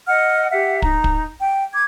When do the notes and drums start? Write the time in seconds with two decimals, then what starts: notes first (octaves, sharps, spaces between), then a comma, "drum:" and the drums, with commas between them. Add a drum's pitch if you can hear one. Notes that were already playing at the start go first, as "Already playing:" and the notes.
0.08 D#5 F#5 F6
0.52 G4 E5 F#5
0.82 D#4 A#5, drum: kick
1.04 drum: kick
1.41 G5
1.74 D6 G#6